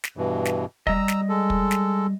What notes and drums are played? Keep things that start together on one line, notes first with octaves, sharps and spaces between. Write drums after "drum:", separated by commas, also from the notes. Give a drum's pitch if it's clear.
drum: snare
G2 B2 E3
drum: snare
G3 D#5 A#5 E6, drum: kick
drum: snare
G#3 A4
drum: kick
drum: snare